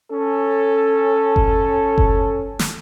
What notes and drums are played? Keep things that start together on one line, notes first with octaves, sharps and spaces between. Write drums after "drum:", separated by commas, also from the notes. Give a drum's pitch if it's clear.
C#4 A4
drum: kick F#1
drum: kick F#1
drum: snare